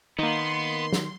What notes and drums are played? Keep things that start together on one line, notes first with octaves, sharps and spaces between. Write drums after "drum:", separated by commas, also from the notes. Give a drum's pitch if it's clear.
D#3 A#3 B3 D#4 C6
drum: snare